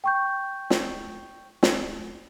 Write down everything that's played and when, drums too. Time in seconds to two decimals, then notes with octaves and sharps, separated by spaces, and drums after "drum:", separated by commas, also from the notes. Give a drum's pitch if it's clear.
0.04 G5 C#6 G6
0.70 drum: snare
1.63 drum: snare